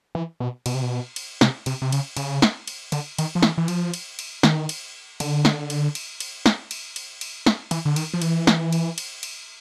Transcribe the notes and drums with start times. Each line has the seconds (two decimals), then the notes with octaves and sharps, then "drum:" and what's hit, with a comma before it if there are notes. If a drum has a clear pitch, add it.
0.15 E3
0.40 B2
0.66 B2, drum: cymbal
0.74 C3
0.82 B2
1.16 drum: cymbal
1.41 C3, drum: snare
1.66 C3, drum: cymbal
1.82 C3
1.92 C#3, drum: cymbal
2.17 C#3, drum: cymbal
2.42 drum: snare
2.68 drum: cymbal
2.92 D3, drum: cymbal
3.18 D#3, drum: cymbal
3.35 F3
3.43 E3, drum: snare
3.58 E3
3.68 F3, drum: cymbal
3.94 drum: cymbal
4.19 drum: cymbal
4.43 D#3, drum: snare
4.69 drum: cymbal
5.20 D3, drum: cymbal
5.45 drum: snare
5.70 drum: cymbal
5.95 drum: cymbal
6.20 drum: cymbal
6.46 drum: snare
6.71 drum: cymbal
6.96 drum: cymbal
7.21 drum: cymbal
7.46 drum: snare
7.71 E3, drum: cymbal
7.85 D3
7.96 D#3, drum: cymbal
8.14 F3
8.22 E3, drum: cymbal
8.47 drum: snare
8.73 drum: cymbal
8.98 drum: cymbal
9.23 drum: cymbal